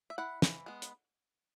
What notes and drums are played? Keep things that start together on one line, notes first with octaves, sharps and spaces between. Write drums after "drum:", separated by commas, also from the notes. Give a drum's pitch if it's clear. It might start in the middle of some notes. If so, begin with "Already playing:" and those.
E5
E4 F#5
E3, drum: snare
G#3 B3
drum: hi-hat